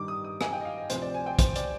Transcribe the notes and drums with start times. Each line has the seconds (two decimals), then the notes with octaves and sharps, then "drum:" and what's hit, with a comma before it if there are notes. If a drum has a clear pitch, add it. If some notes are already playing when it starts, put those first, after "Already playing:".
Already playing: G2 D#3 G3 D6
0.08 D#6
0.24 D#6
0.41 G#5, drum: rim click
0.53 G5
0.61 D#5
0.65 F5
0.78 D#5
0.90 D2 C3 F3 C4 C5, drum: hi-hat
1.02 D5
1.14 G#5
1.26 G5
1.39 C5, drum: kick, hi-hat
1.56 D5, drum: hi-hat